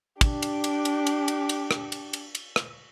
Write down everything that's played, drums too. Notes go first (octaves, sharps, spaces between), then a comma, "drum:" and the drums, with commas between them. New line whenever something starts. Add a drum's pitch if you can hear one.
D4 G4, drum: kick, cymbal
drum: cymbal
drum: cymbal
drum: cymbal
drum: cymbal
drum: cymbal
drum: cymbal
drum: rim click
drum: cymbal
drum: cymbal
drum: cymbal
drum: rim click